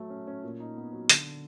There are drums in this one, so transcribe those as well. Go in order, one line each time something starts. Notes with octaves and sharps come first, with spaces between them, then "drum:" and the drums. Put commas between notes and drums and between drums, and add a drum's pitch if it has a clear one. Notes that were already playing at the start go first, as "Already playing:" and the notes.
Already playing: F#3 A3
C#4
C#4
A#2
D#4
B3
F#3
D3, drum: hi-hat